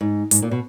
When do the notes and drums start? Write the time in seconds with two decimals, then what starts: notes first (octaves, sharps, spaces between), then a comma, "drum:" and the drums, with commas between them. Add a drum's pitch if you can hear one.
0.01 G#2
0.31 G#2, drum: hi-hat
0.42 A#2
0.51 B2